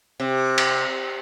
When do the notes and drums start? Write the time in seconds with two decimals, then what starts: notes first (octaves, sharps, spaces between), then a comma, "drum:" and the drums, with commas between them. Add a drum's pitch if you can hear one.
0.20 C3
0.58 drum: cymbal